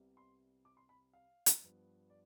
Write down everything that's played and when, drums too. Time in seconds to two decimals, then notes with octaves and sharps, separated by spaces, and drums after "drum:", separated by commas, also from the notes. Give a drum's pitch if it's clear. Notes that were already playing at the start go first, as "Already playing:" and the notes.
Already playing: C2 C3 G3 B3
0.17 C6
0.65 D6
0.77 C6
0.89 B5
1.13 F5
1.46 drum: hi-hat
1.62 G2 F3 B3
2.10 D5